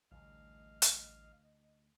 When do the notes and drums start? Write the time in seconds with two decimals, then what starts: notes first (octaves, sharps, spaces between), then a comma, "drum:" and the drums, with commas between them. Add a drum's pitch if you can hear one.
0.11 A1 D2 G3 D#5 F5
0.82 drum: hi-hat